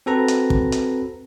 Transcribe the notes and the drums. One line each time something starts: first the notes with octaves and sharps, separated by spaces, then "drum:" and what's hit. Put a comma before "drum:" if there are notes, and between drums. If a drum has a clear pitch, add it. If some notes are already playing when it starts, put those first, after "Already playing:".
C4 F#4 A4 B4 A#5
drum: hi-hat
drum: kick
drum: hi-hat